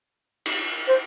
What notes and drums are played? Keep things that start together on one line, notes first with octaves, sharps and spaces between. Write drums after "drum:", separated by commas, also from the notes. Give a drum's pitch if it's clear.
drum: cymbal
C5